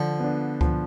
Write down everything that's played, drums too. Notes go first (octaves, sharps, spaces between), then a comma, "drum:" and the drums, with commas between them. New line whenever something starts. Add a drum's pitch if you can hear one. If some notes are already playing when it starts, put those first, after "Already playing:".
Already playing: D3 F3
B3 D4
F3, drum: kick C#2